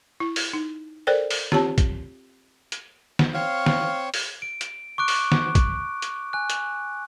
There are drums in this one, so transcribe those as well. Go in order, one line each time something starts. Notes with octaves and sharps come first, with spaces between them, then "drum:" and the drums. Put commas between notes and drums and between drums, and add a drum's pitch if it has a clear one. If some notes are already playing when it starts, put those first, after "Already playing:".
E4
drum: open hi-hat
D#4
A4 A#4 C5 D5 G5
drum: open hi-hat
C4 F4 G4 C#5 A5, drum: snare
drum: kick, hi-hat
drum: hi-hat
drum: snare
C4 C#5 F5 C#6
drum: snare
drum: open hi-hat
D7
drum: hi-hat
C#6 D6 F#6 D7
drum: open hi-hat
drum: snare
drum: kick, hi-hat
drum: hi-hat
G#5 F#6
drum: hi-hat